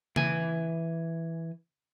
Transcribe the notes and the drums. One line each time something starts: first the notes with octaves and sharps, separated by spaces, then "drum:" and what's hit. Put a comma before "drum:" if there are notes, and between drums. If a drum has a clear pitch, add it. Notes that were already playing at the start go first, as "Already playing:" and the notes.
E3 G#5, drum: tom C#3